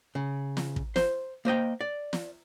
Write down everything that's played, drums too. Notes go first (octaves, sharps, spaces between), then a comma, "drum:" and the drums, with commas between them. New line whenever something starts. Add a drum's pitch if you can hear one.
C#3
drum: snare
drum: kick
C5, drum: snare
A#3 C5 D#5 G5
D5
drum: snare